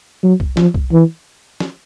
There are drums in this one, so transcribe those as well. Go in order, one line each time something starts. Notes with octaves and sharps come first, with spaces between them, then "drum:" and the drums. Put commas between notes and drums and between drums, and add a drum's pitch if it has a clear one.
F#3
drum: kick B1
F3, drum: snare
drum: kick B1
E3
drum: snare